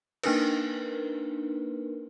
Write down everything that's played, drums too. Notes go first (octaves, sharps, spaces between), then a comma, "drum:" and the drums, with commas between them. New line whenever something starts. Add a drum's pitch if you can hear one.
A#3 D4 D#4 A#4 B4, drum: cymbal